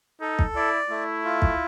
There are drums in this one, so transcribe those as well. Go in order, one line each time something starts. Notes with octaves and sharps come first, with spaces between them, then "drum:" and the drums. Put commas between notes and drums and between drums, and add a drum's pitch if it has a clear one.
D#4 A4
drum: kick
E4 D5
A3 E4
F4
drum: kick